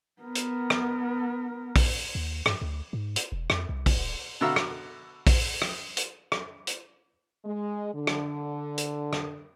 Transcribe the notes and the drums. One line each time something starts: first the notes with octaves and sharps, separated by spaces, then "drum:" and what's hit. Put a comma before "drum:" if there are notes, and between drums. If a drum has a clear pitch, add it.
B3 A#4
drum: hi-hat
drum: rim click
drum: kick A#1, open hi-hat
D#2
G2, drum: rim click
D2
G#2
drum: hi-hat
E1
F2, drum: rim click
C2
drum: kick A#1, open hi-hat
D1
B2 D3 E5 F5 A#5 E6
drum: rim click
drum: kick A#1, open hi-hat
drum: rim click
drum: hi-hat
drum: rim click
drum: hi-hat
G#3
D3
drum: rim click
drum: hi-hat
drum: rim click